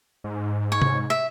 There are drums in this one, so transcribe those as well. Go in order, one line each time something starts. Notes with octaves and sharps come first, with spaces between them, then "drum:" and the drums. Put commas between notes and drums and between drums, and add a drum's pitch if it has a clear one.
G#2
C#5
drum: tom C3
E5